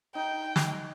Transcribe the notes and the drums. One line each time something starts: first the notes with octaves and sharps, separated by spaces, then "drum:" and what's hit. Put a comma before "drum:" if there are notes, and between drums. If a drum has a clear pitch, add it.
D#4 G5
drum: snare